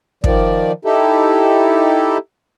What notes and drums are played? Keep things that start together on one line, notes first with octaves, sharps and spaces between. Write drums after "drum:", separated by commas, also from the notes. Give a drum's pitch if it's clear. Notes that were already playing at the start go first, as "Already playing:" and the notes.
D#3 F3 D5, drum: kick
D#4 E4 G4 A4